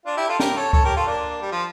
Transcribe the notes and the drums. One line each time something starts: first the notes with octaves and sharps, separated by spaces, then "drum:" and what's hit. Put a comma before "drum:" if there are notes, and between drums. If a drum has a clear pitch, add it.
D4 F4
E4 G4
F4 A4
G4 A#4, drum: snare
A4 C#5
A4 C#5, drum: kick C#2
G4 A#4
F4 A4
A#3 D4
G3
F3